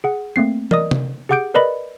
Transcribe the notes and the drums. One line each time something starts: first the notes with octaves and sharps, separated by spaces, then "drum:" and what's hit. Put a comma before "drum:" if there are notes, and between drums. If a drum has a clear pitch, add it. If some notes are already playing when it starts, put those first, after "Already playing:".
G#4 F#5
A3 A#3 C4 C7
A#4 D5 D#5 D#6, drum: tom
drum: tom C3
G4 G#4 F#5 D6 G6 D7
A#4 B4 D5 D#5 B5